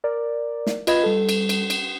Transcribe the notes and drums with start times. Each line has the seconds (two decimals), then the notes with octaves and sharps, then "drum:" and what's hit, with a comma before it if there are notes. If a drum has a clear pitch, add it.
0.04 A#4 D5
0.67 drum: snare
0.87 F4 B4 D#5 B5 G#6, drum: cymbal
1.03 G3 A4
1.29 drum: cymbal
1.49 drum: cymbal
1.70 drum: cymbal